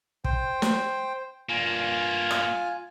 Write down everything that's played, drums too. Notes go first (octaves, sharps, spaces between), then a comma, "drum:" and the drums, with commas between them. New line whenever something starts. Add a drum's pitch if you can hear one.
C5 G5, drum: kick
drum: snare
G2 A#3 F4 G#5
drum: rim click